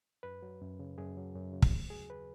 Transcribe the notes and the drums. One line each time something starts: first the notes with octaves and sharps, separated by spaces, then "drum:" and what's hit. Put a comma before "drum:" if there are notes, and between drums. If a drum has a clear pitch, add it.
F#2 B4
F#3
F#2
C#3
F#2 G#4
F#3
F#2
C#3
drum: kick
D#2
F#3 G#4
B4